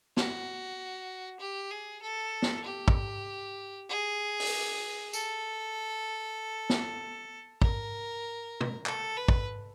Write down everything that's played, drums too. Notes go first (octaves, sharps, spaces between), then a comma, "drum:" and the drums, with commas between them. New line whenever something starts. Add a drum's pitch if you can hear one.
F#4, drum: snare
G4
G#4
A4
drum: snare
G4
drum: kick
G#4
drum: open hi-hat
A4, drum: tambourine
drum: snare
A#4, drum: kick
drum: tom
A4, drum: clap
B4
drum: kick